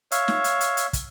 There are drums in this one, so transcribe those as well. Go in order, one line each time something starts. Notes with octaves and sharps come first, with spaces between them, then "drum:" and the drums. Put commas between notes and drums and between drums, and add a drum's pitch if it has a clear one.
C#5 E5 F5, drum: hi-hat
drum: snare
drum: hi-hat
drum: hi-hat
drum: hi-hat
drum: kick, hi-hat